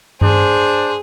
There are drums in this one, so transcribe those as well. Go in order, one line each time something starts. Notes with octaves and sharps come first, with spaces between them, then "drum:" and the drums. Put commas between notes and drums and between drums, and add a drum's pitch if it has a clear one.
D4 G#4 C5, drum: tom G2